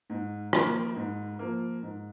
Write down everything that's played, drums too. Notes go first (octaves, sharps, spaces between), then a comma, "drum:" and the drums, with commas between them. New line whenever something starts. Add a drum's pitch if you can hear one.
G#2
F3 A#3, drum: rim click
G#2
F3 A#3
G#2